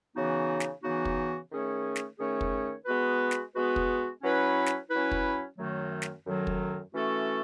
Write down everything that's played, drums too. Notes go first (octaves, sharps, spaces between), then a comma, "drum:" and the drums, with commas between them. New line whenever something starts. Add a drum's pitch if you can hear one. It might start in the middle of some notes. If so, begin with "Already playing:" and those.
C#3 E3 B3 D#4 F#4
drum: snare
C#3 E3 B3 D#4 F#4
drum: kick
D#3 A3 C#4 G#4 C#5
drum: snare
D#3 A3 C#4 G#4 C#5
drum: kick
G#3 B3 F#4 B4
drum: snare
G#3 B3 F#4 B4
drum: kick
F#3 C#4 E4 B4
drum: snare
F#3 C#4 E4 B4
drum: kick
F#2 D#3 F#3 A3
drum: snare
F#2 D#3 F#3 A3
drum: kick
E3 A3 C#4 F#4 A4